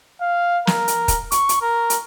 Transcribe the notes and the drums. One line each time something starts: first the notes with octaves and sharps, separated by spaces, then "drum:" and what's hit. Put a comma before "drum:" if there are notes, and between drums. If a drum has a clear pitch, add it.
F5
A#4, drum: snare
drum: hi-hat
drum: kick, hi-hat
C#6, drum: hi-hat
drum: hi-hat
A#4
drum: hi-hat